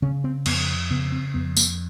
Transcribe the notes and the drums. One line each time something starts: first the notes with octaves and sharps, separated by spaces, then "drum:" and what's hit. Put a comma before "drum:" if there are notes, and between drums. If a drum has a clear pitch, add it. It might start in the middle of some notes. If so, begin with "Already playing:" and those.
C#3 C#4
C4
F2 B3, drum: cymbal
C#3 B3
C4
F2 B3
A#3, drum: tambourine